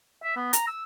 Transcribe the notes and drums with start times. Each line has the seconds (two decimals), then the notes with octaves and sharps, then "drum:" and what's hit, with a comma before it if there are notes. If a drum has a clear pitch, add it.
0.24 E5
0.36 B3
0.53 A#5, drum: hi-hat
0.67 E6